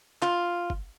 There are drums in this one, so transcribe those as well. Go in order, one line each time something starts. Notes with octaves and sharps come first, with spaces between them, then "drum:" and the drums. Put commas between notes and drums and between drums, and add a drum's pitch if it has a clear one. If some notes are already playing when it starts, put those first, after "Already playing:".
F4, drum: clap
drum: kick